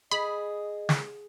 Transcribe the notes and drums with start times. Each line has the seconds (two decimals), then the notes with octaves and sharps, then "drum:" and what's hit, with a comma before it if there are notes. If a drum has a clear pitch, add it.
0.11 G#4 D#5 B5
0.89 drum: snare